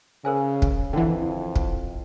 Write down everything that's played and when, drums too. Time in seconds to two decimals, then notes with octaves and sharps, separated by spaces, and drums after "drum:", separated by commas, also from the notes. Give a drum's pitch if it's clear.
0.25 C#3 A#4 C5 G#5
0.62 drum: kick
0.93 F2 D3 E3 E4 F#5 G5
1.56 drum: kick